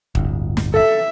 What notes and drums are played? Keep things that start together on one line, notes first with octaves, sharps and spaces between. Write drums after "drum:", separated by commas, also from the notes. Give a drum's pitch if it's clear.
D1 G1, drum: kick
drum: snare
A4 E5